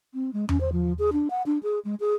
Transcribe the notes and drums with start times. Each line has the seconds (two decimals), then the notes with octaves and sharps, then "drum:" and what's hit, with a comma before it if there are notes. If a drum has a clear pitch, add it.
0.14 C4
0.33 G#3
0.49 C#4, drum: tom E2
0.61 C5
0.72 F3
0.99 G#4
1.13 D4
1.30 F#5
1.46 D4
1.63 G#4
1.85 G#3
2.00 G#4